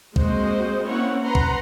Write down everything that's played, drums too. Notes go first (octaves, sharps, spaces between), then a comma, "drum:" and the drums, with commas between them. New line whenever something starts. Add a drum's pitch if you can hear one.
G#3 A#3 C4 F#4 C5 D#5, drum: kick
A#3 C4 C#4 E4 C#5 F#5
B4 F#5 A#5 C6
drum: kick